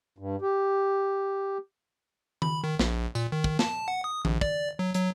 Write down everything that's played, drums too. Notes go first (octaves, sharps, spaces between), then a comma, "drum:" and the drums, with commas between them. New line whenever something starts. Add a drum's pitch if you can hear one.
G2
G4
B5, drum: tom D#3
D#3
A#1, drum: snare
A#2, drum: tambourine
D#3
drum: kick
A5, drum: snare
F#5
D#6
A#1, drum: tom D#3
D5, drum: kick
F#3
F#3, drum: hi-hat